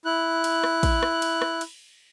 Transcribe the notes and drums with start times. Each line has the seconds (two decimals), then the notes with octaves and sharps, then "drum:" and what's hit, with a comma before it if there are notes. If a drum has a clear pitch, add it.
0.05 E4 F#6
0.44 drum: cymbal
0.64 drum: rim click
0.83 drum: kick A1, cymbal
1.03 drum: rim click
1.22 drum: cymbal
1.42 drum: rim click
1.61 drum: cymbal